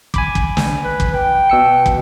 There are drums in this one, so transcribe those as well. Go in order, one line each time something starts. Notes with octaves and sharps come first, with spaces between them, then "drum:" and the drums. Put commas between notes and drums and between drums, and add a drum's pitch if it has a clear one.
G#5 B5 D6, drum: kick
drum: kick
drum: snare
B4
drum: kick
G5
B2 E6 C#7
drum: kick